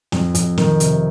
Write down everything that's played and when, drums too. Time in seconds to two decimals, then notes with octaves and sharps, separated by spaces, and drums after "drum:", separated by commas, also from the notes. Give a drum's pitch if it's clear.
0.12 F2, drum: snare
0.35 F2, drum: hi-hat
0.58 D#3, drum: snare
0.80 C3, drum: hi-hat